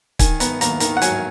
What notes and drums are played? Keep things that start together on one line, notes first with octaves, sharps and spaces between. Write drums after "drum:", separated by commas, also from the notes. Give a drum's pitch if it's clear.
D#3 G#5, drum: kick, hi-hat
B3 A#5, drum: hi-hat
D#2 A#5, drum: hi-hat
D#3 A#5, drum: hi-hat
F#5
F#3 G#5, drum: hi-hat